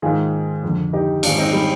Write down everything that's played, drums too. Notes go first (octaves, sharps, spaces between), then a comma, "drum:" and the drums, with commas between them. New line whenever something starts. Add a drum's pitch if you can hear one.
G#2 D#3 F4 G#4
F2 D3
D#4 G4
G#2 D#3 D4 F4, drum: cymbal
C4 D#4
G3